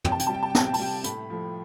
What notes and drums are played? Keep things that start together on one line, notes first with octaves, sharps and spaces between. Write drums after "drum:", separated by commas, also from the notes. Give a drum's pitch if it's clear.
C3 G5, drum: tom
A5
G5, drum: hi-hat
G3 A5
G5
A5
G5
C3 A5, drum: snare
G5
A5, drum: open hi-hat
G3 G5
A2 B5, drum: hi-hat
F3 A3